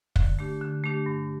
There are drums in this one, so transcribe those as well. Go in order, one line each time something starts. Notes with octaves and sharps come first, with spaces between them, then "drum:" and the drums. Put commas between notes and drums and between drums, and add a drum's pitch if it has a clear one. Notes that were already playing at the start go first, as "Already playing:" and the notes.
D3, drum: kick
A3 D4 G4
D3
A3 D4 G4
G2